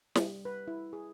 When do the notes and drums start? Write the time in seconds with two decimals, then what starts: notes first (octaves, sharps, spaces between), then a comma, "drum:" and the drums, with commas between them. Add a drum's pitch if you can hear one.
0.15 G3, drum: snare
0.45 B4
0.68 E4
0.93 G#4